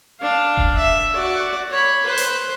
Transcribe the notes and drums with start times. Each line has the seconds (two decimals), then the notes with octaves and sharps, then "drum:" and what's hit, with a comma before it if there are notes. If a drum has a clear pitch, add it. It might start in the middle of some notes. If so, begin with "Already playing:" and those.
0.20 D4 F5
0.57 drum: kick E1
0.76 E5
1.14 F#4 D5
1.70 C#5 B5
2.06 B4 C5
2.17 drum: hi-hat